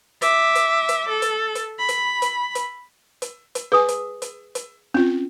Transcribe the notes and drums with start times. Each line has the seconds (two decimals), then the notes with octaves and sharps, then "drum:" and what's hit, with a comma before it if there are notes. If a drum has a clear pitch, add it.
0.22 E5 D6, drum: hi-hat
0.55 drum: hi-hat
0.89 drum: hi-hat
1.09 A4
1.22 drum: hi-hat
1.55 drum: hi-hat
1.79 B5
1.89 drum: hi-hat
2.22 drum: hi-hat
2.55 drum: hi-hat
3.22 drum: hi-hat
3.55 drum: hi-hat
3.72 G#4 B4 G#5 D#6
3.88 drum: hi-hat
4.22 drum: hi-hat
4.55 drum: hi-hat
4.94 C4 C#4 F4